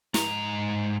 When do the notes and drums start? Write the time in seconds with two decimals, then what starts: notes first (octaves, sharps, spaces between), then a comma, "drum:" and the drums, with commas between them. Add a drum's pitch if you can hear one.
0.14 G#2 A#5, drum: snare